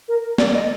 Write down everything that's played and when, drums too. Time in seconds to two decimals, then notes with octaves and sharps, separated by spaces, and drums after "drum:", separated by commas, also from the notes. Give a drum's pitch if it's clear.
0.08 A#4
0.38 D5, drum: snare
0.54 D#5